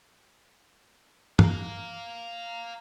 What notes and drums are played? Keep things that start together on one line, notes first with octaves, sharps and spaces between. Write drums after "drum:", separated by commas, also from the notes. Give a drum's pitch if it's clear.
F5 A#5, drum: tom